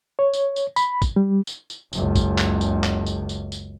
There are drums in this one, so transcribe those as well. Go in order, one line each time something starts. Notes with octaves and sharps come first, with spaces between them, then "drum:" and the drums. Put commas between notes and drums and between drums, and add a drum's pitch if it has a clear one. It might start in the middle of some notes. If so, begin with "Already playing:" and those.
C#5
drum: tambourine
drum: tambourine
B5, drum: tambourine
drum: kick, tambourine
G3
drum: tambourine
drum: tambourine
F#1 C#2, drum: tambourine
drum: kick, tambourine
drum: clap
drum: tambourine
drum: clap
drum: tambourine
drum: tambourine
drum: tambourine